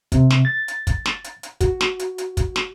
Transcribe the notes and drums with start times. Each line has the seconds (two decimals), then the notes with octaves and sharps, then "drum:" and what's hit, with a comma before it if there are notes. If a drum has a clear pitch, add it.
0.12 C3, drum: kick, hi-hat
0.31 drum: snare
0.45 A6
0.68 drum: hi-hat
0.87 drum: kick, hi-hat
1.06 drum: snare
1.24 drum: hi-hat
1.43 drum: hi-hat
1.61 F#4, drum: kick, hi-hat
1.81 drum: snare
1.99 drum: hi-hat
2.18 drum: hi-hat
2.37 drum: kick, hi-hat
2.56 drum: snare